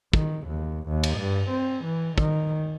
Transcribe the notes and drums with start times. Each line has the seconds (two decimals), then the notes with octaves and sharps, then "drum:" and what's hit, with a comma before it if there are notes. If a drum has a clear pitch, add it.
0.13 D#3, drum: kick
0.47 D#2
0.88 D#2
1.03 drum: cymbal
1.18 G2
1.50 C4
1.85 E3
2.18 D#3, drum: kick